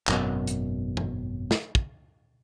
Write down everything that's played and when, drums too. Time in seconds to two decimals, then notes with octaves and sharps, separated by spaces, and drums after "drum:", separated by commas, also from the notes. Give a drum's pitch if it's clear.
0.08 G#1 F#2 B2, drum: clap
0.47 drum: hi-hat
0.97 drum: tom F#2
1.51 drum: snare
1.75 drum: kick